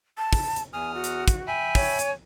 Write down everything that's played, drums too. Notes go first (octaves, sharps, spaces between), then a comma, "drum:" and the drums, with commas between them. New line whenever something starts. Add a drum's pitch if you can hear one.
A5
drum: kick, open hi-hat
drum: hi-hat
E2 G#5 D#6 F6
F#4
drum: hi-hat
drum: kick, hi-hat
E5 G5 G#5 B5
C#5, drum: kick, open hi-hat
drum: hi-hat